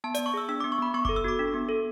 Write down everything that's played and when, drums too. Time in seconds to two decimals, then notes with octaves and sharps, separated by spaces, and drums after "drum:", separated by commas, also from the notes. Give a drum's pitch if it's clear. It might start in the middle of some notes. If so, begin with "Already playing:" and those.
0.04 B3 A5
0.15 B3 D5, drum: hi-hat
0.26 C#6
0.34 G#4 E6
0.49 D4 E6
0.60 B3 D6
0.72 C#6
0.79 B3 B5
0.94 B3 C#6
1.05 A4 D6, drum: kick F#1
1.16 E6
1.24 F#4 D6
1.39 D4
1.54 B3
1.69 A4